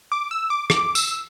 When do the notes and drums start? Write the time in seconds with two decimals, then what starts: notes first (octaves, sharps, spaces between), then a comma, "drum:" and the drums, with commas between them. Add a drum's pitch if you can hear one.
0.12 D6
0.31 E6
0.50 D6
0.70 D6, drum: rim click
0.95 E6, drum: tambourine